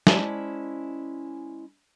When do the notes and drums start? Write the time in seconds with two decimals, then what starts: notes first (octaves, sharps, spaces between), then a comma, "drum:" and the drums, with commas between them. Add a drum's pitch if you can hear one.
0.07 G#3 C#4 E4 C5 D5 A5, drum: snare